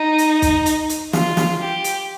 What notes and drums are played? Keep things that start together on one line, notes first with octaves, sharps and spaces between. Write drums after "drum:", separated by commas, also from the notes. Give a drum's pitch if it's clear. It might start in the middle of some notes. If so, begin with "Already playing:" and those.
Already playing: D#4
drum: hi-hat
drum: kick, hi-hat
drum: hi-hat
drum: hi-hat
F4, drum: snare
drum: snare
G4
drum: hi-hat